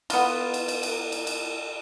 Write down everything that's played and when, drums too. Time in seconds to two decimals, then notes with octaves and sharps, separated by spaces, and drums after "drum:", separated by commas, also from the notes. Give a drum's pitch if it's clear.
0.10 B3 F4, drum: cymbal
0.54 drum: cymbal
0.68 drum: cymbal
0.83 drum: cymbal
1.12 drum: cymbal
1.27 drum: cymbal